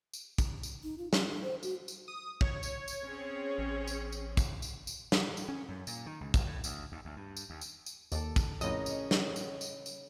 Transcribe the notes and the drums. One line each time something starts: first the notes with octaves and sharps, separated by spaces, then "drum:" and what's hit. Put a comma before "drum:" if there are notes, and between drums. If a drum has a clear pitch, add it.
drum: tambourine
drum: kick, tambourine
drum: tambourine
D#4
F4
C#4, drum: snare
D4
C5
F#4, drum: tambourine
drum: tambourine
D#6
C#5, drum: kick
drum: tambourine
drum: tambourine
C4 C#4 G#4
A1
drum: tambourine
drum: tambourine
drum: kick, tambourine
drum: tambourine
drum: tambourine
drum: snare
drum: tambourine
C#4
F#2
A#2, drum: tambourine
D#3
C#2
G1, drum: kick, tambourine
A2
D2, drum: tambourine
D#2
D2
G2
drum: tambourine
D#2
drum: tambourine
drum: tambourine
D#2 A4 D5, drum: tambourine
drum: kick, tambourine
F2 A2 C#3 A#3 C#4 D#5, drum: tambourine
drum: tambourine
drum: snare
drum: tambourine
drum: tambourine
drum: tambourine